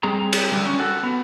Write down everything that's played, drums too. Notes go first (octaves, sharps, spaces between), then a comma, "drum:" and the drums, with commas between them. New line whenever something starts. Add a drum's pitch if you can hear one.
G3 C4 G#4 A#5
drum: cymbal
D3 G3
C#4
F#4 A4
B3